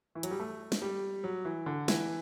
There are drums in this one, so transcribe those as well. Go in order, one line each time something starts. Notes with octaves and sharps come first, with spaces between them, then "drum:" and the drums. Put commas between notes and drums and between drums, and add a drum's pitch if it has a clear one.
E3
F#3, drum: hi-hat
G3
A3
drum: snare
G3
F#3
E3
D3
E3, drum: snare